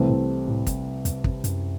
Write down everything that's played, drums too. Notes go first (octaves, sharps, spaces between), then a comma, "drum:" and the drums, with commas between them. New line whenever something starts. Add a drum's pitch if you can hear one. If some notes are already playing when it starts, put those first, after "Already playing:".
Already playing: C2 C3 E3 A3 C4
A2
A2
drum: kick, hi-hat
E2, drum: hi-hat
F2, drum: kick
F#2, drum: hi-hat